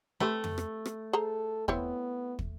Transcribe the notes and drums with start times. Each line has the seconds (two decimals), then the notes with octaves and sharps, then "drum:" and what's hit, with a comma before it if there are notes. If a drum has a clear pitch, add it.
0.20 A3 C4 G4 B4
0.44 drum: tom F2
0.58 drum: rim click
0.86 drum: rim click
1.13 G#4 A4 C5 A#5
1.68 B3 C4 E4 C#5, drum: kick
2.39 drum: kick